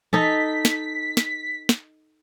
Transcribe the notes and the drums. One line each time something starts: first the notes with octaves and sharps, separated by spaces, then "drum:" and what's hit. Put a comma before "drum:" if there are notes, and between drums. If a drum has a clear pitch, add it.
D#4 A4 B6, drum: tom E3
drum: snare
drum: snare
drum: snare